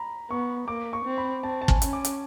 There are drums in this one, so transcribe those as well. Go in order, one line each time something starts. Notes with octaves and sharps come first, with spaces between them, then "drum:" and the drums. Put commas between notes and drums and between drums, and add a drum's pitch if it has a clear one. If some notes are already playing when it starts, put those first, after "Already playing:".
Already playing: A#5 B5
B3 C#6
A#3 D6
C#6
C4
B5
C4 A5
A5
G#5, drum: kick
C#4, drum: hi-hat
D6
drum: hi-hat